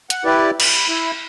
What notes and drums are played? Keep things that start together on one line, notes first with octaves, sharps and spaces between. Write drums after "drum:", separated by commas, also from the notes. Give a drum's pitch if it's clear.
F#5, drum: hi-hat
E4 G4 B4 D5
B5, drum: cymbal
E4